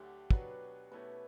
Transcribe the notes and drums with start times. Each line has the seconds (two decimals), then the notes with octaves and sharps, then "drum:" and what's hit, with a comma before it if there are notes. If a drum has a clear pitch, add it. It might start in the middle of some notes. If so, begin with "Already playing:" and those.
Already playing: D2 D3 F#3 A3 G4
0.31 B2 F#3 B3 D4 F#4 B4, drum: kick
0.92 B2 A3 C#4 E4 B4